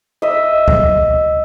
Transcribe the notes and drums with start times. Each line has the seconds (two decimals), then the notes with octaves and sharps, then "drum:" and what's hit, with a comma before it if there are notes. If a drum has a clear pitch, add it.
0.22 D#5 E5
0.68 drum: kick C#2